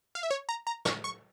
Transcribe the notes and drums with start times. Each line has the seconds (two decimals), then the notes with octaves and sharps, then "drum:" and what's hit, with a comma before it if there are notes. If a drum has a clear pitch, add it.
0.15 F5
0.23 E5
0.31 C#5
0.49 A#5
0.67 A#5
0.85 C#6, drum: snare
1.04 C#6